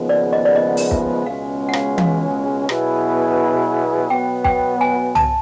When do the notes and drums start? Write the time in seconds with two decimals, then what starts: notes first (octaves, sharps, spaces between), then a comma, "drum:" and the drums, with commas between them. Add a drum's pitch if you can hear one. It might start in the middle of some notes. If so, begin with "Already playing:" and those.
Already playing: D#2 C#3 F3 G#3 B3
0.09 D5
0.33 D#5
0.45 D5
0.56 D#5
0.77 drum: open hi-hat
0.91 E5, drum: kick
1.26 C#2 B2 G#3 C#4 F5
1.69 F#5
1.73 F5, drum: rim click
1.98 F5, drum: tom E3
2.69 B2 F#3 B3 E4 G#4, drum: rim click
4.10 B2 F#3 B3 G5
4.45 G5, drum: kick
4.81 G#5
5.15 A5, drum: tom